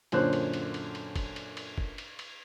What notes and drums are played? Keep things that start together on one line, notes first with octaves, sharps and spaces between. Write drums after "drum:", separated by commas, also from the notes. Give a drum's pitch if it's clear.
F#2 A#2 D3 C5 C#5 F#6, drum: cymbal
drum: cymbal
drum: cymbal
drum: cymbal
drum: cymbal
drum: kick, cymbal
drum: cymbal
drum: cymbal
drum: kick
drum: cymbal
drum: cymbal